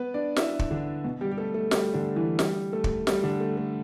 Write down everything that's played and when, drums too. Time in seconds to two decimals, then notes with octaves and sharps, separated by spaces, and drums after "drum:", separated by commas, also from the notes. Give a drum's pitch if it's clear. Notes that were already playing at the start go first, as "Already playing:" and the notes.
Already playing: B3 B4
0.14 D4 D5
0.36 E4 E5, drum: snare
0.59 drum: kick
0.71 D3 D4
1.04 B2 B3
1.21 G3 G4
1.32 G4
1.38 A3 A4
1.54 A3 A4
1.71 G3 G4, drum: snare
1.94 D3 D4
2.16 E3 E4
2.39 G3 G4, drum: snare
2.73 A3 A4
2.84 drum: kick
3.07 G3 G4, drum: snare
3.23 D3 D4
3.40 A3
3.57 A3